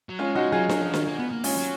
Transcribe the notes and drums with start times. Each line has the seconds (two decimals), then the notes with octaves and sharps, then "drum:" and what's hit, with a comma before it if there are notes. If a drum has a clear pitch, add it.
0.09 F#3
0.19 G#3 C#4 F4
0.35 G#3 D#4 F#4
0.52 F#3 F4 G#4
0.69 F#3, drum: snare D4
0.81 F3
0.94 D#3, drum: snare D4
1.07 A#3
1.19 B3
1.32 A#3
1.44 G#3 C#4 F4, drum: open hi-hat
1.57 F#3